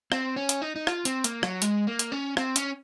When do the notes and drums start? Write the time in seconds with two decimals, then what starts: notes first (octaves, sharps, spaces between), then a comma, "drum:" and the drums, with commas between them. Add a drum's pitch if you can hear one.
0.12 C4, drum: rim click
0.36 C#4
0.49 drum: hi-hat
0.62 D#4
0.76 D#4
0.87 F4, drum: rim click
1.05 C4, drum: hi-hat
1.24 A#3, drum: hi-hat
1.43 F#3, drum: rim click
1.62 G#3, drum: hi-hat
1.87 A#3
1.99 drum: hi-hat
2.12 C#4
2.37 C4, drum: rim click
2.56 C#4, drum: hi-hat